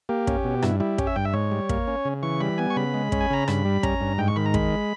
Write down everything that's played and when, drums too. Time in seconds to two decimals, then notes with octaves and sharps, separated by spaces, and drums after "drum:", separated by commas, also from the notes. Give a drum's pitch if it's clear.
0.09 A#3 G4
0.27 C#4, drum: kick
0.44 B2
0.62 G2 E4, drum: rim click
0.80 G3 E4
0.98 C#4 G4, drum: kick
1.07 E5
1.16 G2 G5
1.25 E5
1.34 G#2 C#5
1.52 G3
1.69 A#3, drum: kick
1.87 C#4
2.05 C#3
2.23 E3 C#6
2.40 G3 B5
2.58 B3 G#5
2.70 C#6
2.76 C#3 B5
2.94 G#3
3.12 C#4, drum: kick
3.21 G#5
3.30 C#3 A#5
3.48 G2 B5, drum: rim click
3.65 G3
3.83 C#4 A#5, drum: kick
4.01 G2
4.18 G#2 G5
4.28 C#6
4.36 D#3 B5
4.46 A#5
4.54 G#3 B5, drum: kick